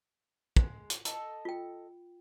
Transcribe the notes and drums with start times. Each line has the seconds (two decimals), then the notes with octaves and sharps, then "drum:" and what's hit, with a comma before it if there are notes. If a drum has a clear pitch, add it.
0.57 G#3, drum: kick
0.90 drum: hi-hat
1.05 A4 D#5 A5, drum: hi-hat
1.45 F4 G5